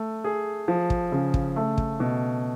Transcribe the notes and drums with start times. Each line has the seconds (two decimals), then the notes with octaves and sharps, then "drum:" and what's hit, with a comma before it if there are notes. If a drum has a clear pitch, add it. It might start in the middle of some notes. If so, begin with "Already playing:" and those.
Already playing: A3
0.24 G#4
0.68 F3
0.90 drum: kick
1.12 C#3
1.34 drum: kick
1.56 A3
1.78 drum: kick
2.00 B2